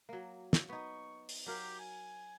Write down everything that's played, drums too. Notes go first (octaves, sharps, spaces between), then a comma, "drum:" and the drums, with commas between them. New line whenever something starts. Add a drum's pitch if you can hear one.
F#3 A#3
drum: snare
B3 D#4 C#6
drum: open hi-hat
F#3 G4 A#4 F5
G#5